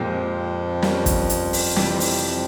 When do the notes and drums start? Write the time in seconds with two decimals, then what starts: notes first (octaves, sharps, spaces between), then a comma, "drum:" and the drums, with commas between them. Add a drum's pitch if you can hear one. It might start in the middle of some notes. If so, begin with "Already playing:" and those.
Already playing: F2 A#2 F3 G#3 C4 G4
0.82 G3 A#3 C#4, drum: snare
1.06 drum: kick, hi-hat
1.29 drum: hi-hat
1.53 drum: open hi-hat
1.76 C3 E3 G3 C4 G4, drum: snare
2.00 drum: open hi-hat